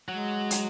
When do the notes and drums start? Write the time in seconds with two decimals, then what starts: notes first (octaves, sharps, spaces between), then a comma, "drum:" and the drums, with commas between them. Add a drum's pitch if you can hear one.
0.08 F#3 G#3
0.51 drum: hi-hat